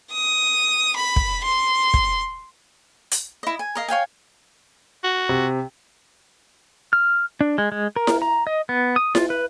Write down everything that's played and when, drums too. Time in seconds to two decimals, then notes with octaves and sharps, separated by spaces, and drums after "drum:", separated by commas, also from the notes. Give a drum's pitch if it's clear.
0.12 D#6
0.96 B5
1.16 drum: kick
1.44 C6
1.94 drum: kick
3.11 drum: hi-hat
3.43 E4 D#5
3.59 G#5
3.75 A#4 D#5 F5
3.88 C#5 F5 G5 G#5
5.04 F#4
5.29 C3
6.93 F6
7.41 D4
7.58 G#3
7.72 G#3
7.96 A#4
8.07 drum: snare E4
8.22 A#5
8.47 D#5
8.69 B3
8.96 D#6
9.15 F4, drum: snare E4
9.30 B4